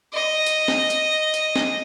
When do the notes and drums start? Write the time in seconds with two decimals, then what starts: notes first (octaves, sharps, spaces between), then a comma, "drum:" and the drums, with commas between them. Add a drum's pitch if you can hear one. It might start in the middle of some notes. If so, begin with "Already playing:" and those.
0.14 D#5
0.46 drum: hi-hat
0.68 drum: snare
0.90 drum: hi-hat
1.34 drum: hi-hat
1.56 drum: snare